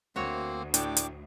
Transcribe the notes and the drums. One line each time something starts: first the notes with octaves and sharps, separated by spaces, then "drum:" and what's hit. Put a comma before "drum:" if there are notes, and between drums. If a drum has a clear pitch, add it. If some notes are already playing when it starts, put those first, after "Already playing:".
D2 A#3 C4 F#4 C#5
A2 D4 G5 D6, drum: hi-hat
drum: hi-hat